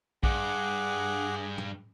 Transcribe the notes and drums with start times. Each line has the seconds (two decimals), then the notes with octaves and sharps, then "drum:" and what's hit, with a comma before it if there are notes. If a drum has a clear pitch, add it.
0.23 G2 G#4 F#5 D6, drum: kick A#1
1.58 drum: tom